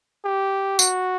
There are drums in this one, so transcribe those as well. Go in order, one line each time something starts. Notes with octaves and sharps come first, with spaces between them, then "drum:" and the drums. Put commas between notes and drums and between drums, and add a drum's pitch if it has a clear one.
G4
F#4, drum: tambourine